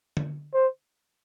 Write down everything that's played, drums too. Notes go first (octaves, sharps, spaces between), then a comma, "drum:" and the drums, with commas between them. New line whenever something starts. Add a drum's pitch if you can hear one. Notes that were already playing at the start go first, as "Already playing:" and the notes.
drum: tom D3
C5